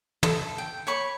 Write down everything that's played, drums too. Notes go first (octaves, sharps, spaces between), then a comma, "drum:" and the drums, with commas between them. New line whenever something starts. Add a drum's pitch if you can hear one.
A4, drum: tom
G5
C#5 B5 C#6